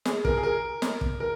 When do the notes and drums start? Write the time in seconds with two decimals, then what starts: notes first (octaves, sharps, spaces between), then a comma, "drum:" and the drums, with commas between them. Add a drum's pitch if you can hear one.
0.05 G#4, drum: snare
0.25 A#4, drum: kick
0.37 G#4
0.43 A#4
0.82 drum: snare
1.01 drum: kick
1.20 A#4